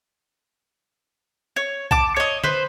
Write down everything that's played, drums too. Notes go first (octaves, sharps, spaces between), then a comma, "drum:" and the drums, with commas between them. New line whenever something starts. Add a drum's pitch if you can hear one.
C#5
A5 D6, drum: kick B1
C#5 D#5
B4 C5, drum: tom